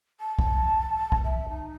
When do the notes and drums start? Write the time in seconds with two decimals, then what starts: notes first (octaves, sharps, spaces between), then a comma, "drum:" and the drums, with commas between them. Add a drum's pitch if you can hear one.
0.20 A5
0.39 drum: kick
1.12 drum: kick
1.24 E5
1.49 D#4